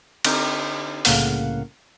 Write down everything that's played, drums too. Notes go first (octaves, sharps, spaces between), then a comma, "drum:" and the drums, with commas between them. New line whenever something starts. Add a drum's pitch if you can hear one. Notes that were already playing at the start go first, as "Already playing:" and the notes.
D3 C4 D#4 G4, drum: cymbal
C2 A2 C#3 A#3 F5 F#5, drum: open hi-hat